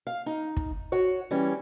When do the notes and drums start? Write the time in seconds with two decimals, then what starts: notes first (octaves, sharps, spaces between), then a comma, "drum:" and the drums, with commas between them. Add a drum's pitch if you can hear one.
0.07 F5
0.26 D#4
0.57 drum: kick
0.92 F#4 C#5
1.31 E3 G3 C#4